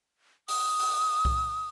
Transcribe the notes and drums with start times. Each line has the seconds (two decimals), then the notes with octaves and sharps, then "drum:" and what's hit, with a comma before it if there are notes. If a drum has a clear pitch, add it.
0.48 D#6, drum: open hi-hat
0.79 drum: open hi-hat
1.25 drum: kick C2